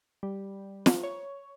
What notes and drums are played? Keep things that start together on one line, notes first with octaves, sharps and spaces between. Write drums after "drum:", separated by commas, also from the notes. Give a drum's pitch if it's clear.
G3
drum: snare
C#5